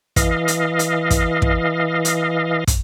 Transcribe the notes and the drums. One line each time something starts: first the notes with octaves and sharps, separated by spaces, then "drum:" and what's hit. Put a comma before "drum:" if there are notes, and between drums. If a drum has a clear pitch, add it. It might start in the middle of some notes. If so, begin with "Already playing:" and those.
E3 D#5 F5, drum: kick, hi-hat
drum: hi-hat
drum: hi-hat
drum: kick, hi-hat
drum: kick
drum: hi-hat
drum: kick, hi-hat